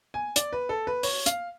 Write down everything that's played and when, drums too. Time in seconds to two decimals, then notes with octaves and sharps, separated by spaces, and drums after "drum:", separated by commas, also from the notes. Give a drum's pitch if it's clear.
0.14 G#5
0.36 D5, drum: hi-hat
0.53 B4
0.69 A4
0.87 B4
1.03 C#5, drum: open hi-hat
1.26 F5, drum: hi-hat